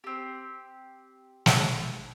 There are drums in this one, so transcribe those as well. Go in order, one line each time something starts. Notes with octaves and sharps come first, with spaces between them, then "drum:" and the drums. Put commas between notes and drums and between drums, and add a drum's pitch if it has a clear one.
C4 G4
drum: snare